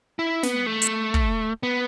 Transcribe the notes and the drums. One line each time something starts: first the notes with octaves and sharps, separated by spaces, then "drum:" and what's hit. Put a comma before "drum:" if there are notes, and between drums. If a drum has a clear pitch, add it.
E4
B3, drum: snare
A3
drum: hi-hat
drum: kick
B3